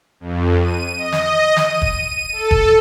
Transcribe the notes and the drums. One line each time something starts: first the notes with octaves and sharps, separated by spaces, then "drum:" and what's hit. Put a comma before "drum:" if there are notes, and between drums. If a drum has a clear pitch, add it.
F2
D#7
D#5
drum: snare
D#7, drum: snare
drum: kick
D#7
A4
drum: kick